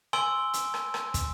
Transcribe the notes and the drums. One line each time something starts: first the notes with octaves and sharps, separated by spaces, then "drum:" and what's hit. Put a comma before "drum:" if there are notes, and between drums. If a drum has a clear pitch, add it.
G#5 C6 E6 D7 G7, drum: rim click
drum: hi-hat
drum: rim click
drum: rim click
drum: kick, hi-hat